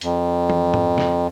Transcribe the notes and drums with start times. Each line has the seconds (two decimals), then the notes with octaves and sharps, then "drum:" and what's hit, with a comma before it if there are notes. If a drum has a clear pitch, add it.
0.01 F2, drum: hi-hat
0.50 drum: tom E3
0.74 drum: tom G#2
0.98 drum: snare